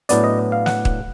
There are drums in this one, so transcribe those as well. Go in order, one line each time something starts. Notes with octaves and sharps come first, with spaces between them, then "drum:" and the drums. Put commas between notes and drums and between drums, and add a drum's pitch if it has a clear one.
A2 F#3 B3 D4 D5, drum: hi-hat
D#5
F5
F#5, drum: snare
drum: kick